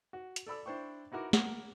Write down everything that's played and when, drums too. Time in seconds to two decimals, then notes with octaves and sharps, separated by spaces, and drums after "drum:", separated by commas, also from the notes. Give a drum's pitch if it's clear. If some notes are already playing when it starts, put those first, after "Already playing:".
0.13 F#4
0.36 drum: hi-hat
0.47 A4 D5 B5 E6
0.66 D4 E4 C5 G5 C#6
1.12 D#4 E4 F#4 A#4 D6
1.33 A#3 A#4 F#5, drum: snare